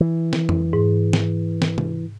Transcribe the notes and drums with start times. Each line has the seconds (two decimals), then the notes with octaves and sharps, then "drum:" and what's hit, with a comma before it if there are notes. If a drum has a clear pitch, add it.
0.01 E3
0.33 drum: snare
0.49 drum: tom F2
0.73 G#2
1.13 drum: snare
1.62 drum: snare
1.78 drum: tom C3